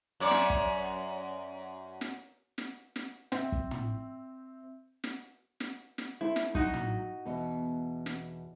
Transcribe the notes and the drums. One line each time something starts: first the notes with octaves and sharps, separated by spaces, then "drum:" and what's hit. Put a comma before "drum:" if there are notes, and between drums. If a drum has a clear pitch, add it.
F#2 C#5 D5
drum: snare
drum: kick
drum: snare
drum: snare
drum: snare
C4 E5, drum: snare
drum: kick
drum: tom
drum: snare
drum: snare
drum: snare
A3 C4 E4
drum: snare
F#3 D#4 F#4, drum: kick
drum: tom
E2 B2 D#5
drum: snare